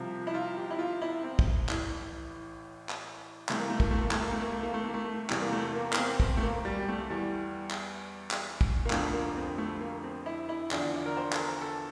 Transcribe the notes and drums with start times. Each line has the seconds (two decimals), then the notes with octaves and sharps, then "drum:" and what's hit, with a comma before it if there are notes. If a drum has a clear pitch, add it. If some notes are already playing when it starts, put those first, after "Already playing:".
Already playing: C2 C3 F3
0.27 E4
0.34 F4
0.57 G4
0.71 E4
0.78 F4
1.02 E4
1.24 C4
1.39 drum: kick
1.69 A1 A2 E3, drum: clap
2.89 drum: clap
3.49 C2 C3 E3 A3, drum: clap
3.59 A#3
3.70 A3
3.80 A#3, drum: kick
3.91 A3
4.01 A#3
4.11 A3, drum: clap
4.22 A#3
4.32 A3
4.42 A#3
4.53 A3
4.63 A#3
4.74 A3
4.84 A#3
4.94 A3
5.30 E2 C3 E3 G3, drum: clap
5.41 A#3
5.52 A3
5.75 A#3
5.93 A#3, drum: clap
5.98 C4
6.20 C4, drum: kick
6.37 A3
6.43 A#3
6.65 G3
6.79 G3
6.88 A3
7.10 E2 E3 G3
7.71 drum: clap
8.31 drum: clap
8.61 drum: kick
8.85 A#3
8.90 F1 F2 D3 F3 A3, drum: clap
9.13 A#3
9.36 C4
9.58 A3
9.81 A#3
10.03 C4
10.26 E4
10.49 E4
10.71 E2 D3 F3 D5, drum: clap
10.94 D5
11.06 A#4
11.17 C5
11.33 A4, drum: clap
11.38 A#4
11.61 A4